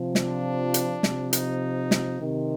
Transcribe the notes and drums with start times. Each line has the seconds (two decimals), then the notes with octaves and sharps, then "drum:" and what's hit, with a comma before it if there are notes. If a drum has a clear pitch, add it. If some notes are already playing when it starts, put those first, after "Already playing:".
Already playing: C3 F3
0.15 D4, drum: snare
0.74 drum: hi-hat
1.03 C3 F3, drum: snare
1.33 D#4, drum: hi-hat
1.91 drum: snare
2.20 C3 D#3